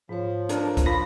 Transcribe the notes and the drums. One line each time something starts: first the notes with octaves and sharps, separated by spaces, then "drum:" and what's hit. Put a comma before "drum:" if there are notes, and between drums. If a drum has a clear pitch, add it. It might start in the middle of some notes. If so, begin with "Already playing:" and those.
G#2 F3 C#5
D4 A4 A#4, drum: hi-hat
drum: kick, hi-hat
F4 B5 A#6